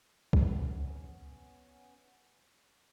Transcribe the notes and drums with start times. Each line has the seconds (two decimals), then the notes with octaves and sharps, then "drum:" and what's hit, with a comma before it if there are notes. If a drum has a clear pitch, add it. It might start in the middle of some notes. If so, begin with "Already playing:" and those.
0.33 B3 C#4, drum: kick C2